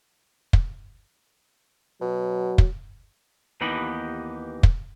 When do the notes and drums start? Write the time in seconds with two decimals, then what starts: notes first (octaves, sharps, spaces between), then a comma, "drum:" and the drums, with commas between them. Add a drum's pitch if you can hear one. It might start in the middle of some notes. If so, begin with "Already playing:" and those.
0.53 drum: kick
2.02 B2 F#3
2.58 drum: kick
3.61 D#2 E3 B3 D#4 G4 B5
4.63 drum: kick